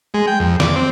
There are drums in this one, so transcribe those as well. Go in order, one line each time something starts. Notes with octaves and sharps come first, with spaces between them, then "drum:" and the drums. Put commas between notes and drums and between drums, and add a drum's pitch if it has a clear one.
G#3
G5
F2
D5, drum: snare
C4